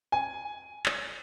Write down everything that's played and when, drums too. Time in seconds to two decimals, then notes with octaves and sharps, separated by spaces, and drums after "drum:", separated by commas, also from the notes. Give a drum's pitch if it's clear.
0.12 G#5
0.86 drum: clap